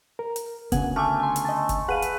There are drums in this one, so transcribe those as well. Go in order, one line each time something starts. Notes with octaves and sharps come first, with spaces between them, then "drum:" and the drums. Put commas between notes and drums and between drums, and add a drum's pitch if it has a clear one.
A#4
drum: hi-hat
D2 C#3 B3 F#5 G#5, drum: kick, hi-hat
A3 G#5 D6 F6
G#5 C6
drum: hi-hat
D#5 A5
drum: kick, hi-hat
G#4 B4 F5 F#5 D#7
drum: hi-hat